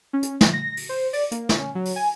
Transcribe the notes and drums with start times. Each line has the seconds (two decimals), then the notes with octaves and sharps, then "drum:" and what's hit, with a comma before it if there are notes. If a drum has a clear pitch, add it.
0.13 C#4
0.23 drum: hi-hat
0.41 F3, drum: snare
0.53 A#6
0.77 drum: open hi-hat
0.89 C5
1.13 D5, drum: open hi-hat
1.32 A#3, drum: hi-hat
1.49 drum: snare
1.58 C#4
1.75 F#3
1.85 drum: open hi-hat
1.96 G#5